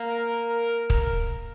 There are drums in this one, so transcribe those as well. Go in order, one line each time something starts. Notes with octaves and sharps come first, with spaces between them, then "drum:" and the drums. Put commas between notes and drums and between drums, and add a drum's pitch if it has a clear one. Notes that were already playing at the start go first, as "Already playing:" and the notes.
Already playing: A#3
A#4
A#4
A#4, drum: kick